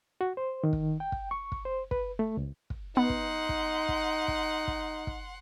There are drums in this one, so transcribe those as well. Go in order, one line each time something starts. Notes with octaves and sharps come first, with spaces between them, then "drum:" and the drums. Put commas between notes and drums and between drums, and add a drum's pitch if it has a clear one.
F#4
C5
D#3
drum: kick
G5
drum: kick
C#6
drum: kick
C5
B4, drum: kick
A3
C#2
drum: kick
B3 D#4 F#5 C6
drum: kick
drum: kick
drum: kick
drum: kick
drum: kick
drum: kick